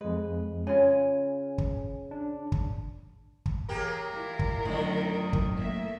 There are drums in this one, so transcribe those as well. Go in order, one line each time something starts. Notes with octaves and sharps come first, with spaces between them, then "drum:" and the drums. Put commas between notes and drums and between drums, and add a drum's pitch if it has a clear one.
F2 G#3 B4
C#3 F4 G#5
drum: kick
D4
drum: kick
drum: kick
E3 A#3 G4 G#4 A#4 C#5
E4 F4 D5
drum: kick
F#2 A2 D3 D#3
drum: kick
A3 A#3 E5